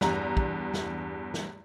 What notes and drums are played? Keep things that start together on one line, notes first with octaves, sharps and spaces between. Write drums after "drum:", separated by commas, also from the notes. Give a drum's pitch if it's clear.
E2 G2 A#5, drum: snare
drum: kick
drum: snare
drum: snare